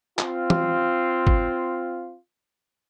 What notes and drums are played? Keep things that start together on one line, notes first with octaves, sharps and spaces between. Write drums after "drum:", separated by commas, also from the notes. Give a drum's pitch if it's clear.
C4 F4, drum: clap
drum: tom E3
drum: kick G1